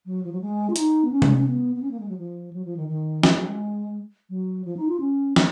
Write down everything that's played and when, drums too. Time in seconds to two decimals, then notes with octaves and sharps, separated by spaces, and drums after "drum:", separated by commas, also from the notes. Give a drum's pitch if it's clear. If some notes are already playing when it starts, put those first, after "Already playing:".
0.06 F#3
0.24 F3
0.32 F#3
0.41 G#3
0.70 F4
0.76 D#4, drum: hi-hat
1.04 B3
1.12 C#4
1.22 drum: tom C3
1.36 C#4
1.47 B3
1.76 B3
1.82 C#4
1.91 A#3
2.00 G#3
2.09 F#3
2.18 F3
2.53 F#3
2.65 F3
2.77 D#3
2.88 D#3
3.23 F3, drum: snare
3.36 F#3
3.47 G#3
4.30 F#3
4.65 F3
4.77 D#4
4.89 F4
5.00 C#4
5.36 A#3, drum: snare